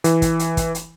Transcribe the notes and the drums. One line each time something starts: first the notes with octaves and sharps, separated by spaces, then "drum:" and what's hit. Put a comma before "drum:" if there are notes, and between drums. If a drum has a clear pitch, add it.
E3, drum: hi-hat
drum: kick, hi-hat
drum: hi-hat
drum: kick, hi-hat
drum: hi-hat